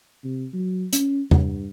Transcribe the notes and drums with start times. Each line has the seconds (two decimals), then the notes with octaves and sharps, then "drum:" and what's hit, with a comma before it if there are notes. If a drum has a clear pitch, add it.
0.24 C3
0.53 F#3
0.93 C#4, drum: hi-hat
1.31 G2, drum: tom E2